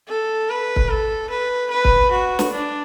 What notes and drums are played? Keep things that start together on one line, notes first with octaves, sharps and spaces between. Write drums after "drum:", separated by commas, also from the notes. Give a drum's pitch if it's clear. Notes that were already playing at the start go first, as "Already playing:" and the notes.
A4
B4
drum: kick
A4
B4
B4
drum: kick
F#4
drum: snare
D4